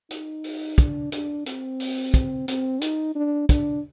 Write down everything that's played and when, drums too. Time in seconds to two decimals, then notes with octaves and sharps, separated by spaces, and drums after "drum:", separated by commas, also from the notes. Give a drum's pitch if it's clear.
0.11 D#4, drum: hi-hat
0.44 drum: open hi-hat
0.78 D4, drum: kick, hi-hat
1.12 D4, drum: hi-hat
1.46 C4, drum: hi-hat
1.80 drum: open hi-hat
2.14 drum: kick, hi-hat
2.48 C4, drum: hi-hat
2.81 D#4, drum: hi-hat
3.15 D4
3.49 D4, drum: kick, hi-hat